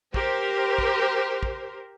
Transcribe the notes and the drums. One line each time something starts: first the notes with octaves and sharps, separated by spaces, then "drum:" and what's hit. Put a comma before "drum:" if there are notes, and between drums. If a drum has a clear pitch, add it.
G4 A#4 C5, drum: kick
drum: kick
drum: kick